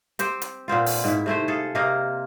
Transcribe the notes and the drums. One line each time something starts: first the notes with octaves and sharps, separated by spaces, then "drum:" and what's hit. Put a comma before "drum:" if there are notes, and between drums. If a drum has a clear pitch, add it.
C4 G4 C5, drum: hi-hat
drum: hi-hat
A#2 B3 C4 F4
drum: open hi-hat
G#2 E4
C3 A3 E4 C5
G#4 A4 F5
C3 A#3 D#5 F5